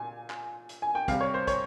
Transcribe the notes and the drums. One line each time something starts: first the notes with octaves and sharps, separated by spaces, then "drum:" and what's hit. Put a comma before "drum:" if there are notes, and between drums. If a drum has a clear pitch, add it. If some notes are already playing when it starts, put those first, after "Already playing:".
Already playing: A#2 G#5
drum: clap
drum: hi-hat
G#5
G5
C3 G3 F5, drum: kick, hi-hat
C#5
C5
C#5, drum: kick, hi-hat